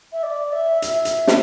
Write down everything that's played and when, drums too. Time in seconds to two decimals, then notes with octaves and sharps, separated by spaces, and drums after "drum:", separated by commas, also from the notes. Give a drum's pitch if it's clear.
0.13 E5
0.23 D5
0.53 E5
0.82 E5, drum: hi-hat
1.05 drum: hi-hat
1.27 drum: snare